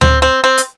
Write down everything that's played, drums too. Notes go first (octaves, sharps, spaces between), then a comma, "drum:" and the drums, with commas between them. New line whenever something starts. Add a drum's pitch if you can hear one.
C4, drum: tom D2
C4
C4
drum: hi-hat